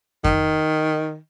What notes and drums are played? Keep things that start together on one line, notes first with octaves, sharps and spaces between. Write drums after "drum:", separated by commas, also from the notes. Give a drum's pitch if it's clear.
D#3, drum: kick F2